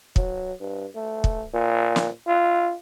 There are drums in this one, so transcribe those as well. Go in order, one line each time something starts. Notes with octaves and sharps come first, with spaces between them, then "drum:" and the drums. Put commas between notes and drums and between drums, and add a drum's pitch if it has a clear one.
F#3, drum: kick
G2
A3
drum: kick
A#2
drum: snare
F4